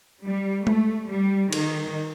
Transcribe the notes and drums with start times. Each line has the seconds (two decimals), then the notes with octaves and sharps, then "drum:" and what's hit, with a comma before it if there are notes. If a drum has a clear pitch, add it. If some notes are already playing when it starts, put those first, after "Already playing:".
0.24 G3
0.67 A3, drum: tom G#3
1.10 G3
1.53 D#3, drum: cymbal